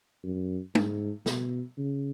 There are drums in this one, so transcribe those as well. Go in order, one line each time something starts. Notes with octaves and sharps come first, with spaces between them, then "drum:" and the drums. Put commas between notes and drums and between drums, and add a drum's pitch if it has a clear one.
F#2
G#2, drum: tom G#3
B2, drum: snare
C#3